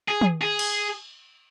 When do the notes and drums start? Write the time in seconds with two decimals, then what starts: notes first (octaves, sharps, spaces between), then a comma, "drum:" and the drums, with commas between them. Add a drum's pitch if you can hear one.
0.08 G#4
0.21 drum: tom
0.42 G#4
0.59 drum: cymbal